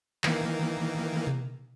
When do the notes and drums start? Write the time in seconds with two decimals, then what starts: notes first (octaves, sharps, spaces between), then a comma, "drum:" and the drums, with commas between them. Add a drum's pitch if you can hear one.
0.24 D#3 E3 A#3, drum: clap
1.27 drum: tom B2